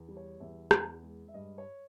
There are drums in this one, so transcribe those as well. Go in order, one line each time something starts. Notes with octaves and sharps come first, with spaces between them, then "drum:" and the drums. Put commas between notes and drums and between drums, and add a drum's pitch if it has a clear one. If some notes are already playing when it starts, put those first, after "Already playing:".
Already playing: E2
G3
C#5
E2 E5
E2, drum: rim click
G#3
E5
G2 D#5
C#5